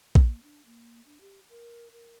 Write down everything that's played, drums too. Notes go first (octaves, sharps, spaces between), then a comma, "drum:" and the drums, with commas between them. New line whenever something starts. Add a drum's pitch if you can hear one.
A#3, drum: kick A#1
D4
A#3
D4
G4
A#4
A#4